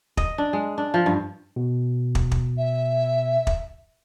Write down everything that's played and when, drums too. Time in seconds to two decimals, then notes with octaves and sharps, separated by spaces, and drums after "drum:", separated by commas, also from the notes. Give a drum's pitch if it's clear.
0.17 D#5, drum: kick
0.38 D4
0.53 G#3
0.78 D4
0.94 F3
1.06 G2
1.56 B2
2.15 drum: kick
2.31 drum: kick
2.58 E5
3.47 drum: kick